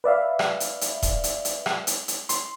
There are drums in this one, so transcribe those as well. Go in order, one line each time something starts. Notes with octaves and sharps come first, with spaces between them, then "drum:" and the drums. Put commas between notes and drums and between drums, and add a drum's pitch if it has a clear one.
B4 D5 E5 F5
drum: rim click
drum: hi-hat
drum: hi-hat
drum: kick D#1, hi-hat
drum: hi-hat
drum: hi-hat
drum: rim click
drum: hi-hat
drum: hi-hat
C6, drum: hi-hat